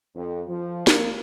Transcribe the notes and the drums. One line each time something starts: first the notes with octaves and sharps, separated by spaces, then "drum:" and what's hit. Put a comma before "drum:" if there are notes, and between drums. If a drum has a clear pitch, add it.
F2
F3
A#3, drum: snare